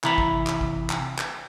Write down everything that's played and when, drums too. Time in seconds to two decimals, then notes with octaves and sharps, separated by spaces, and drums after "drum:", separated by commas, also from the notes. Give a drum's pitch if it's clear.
0.04 C3 E3 E4 E5 A#5 B5, drum: clap
0.18 drum: kick
0.47 drum: clap
0.61 drum: kick
0.90 drum: clap
1.18 drum: clap